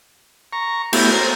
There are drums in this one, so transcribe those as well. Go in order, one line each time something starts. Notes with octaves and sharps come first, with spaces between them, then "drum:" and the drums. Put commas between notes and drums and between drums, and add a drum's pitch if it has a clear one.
A#5 C#6
A3 B3 E4 F#4 G4, drum: cymbal
C5 A#5